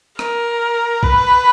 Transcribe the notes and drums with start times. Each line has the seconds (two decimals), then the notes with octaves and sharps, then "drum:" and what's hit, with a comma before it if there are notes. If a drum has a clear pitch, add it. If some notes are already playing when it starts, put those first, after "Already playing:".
0.19 A#4, drum: rim click
1.03 B4, drum: kick